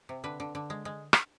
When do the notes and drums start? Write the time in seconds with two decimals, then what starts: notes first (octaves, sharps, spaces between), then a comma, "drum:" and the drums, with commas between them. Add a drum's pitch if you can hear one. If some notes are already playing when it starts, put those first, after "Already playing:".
0.09 C3
0.24 D3 B4
0.40 D3
0.55 D3
0.70 G#3
0.85 G#3
1.13 drum: rim click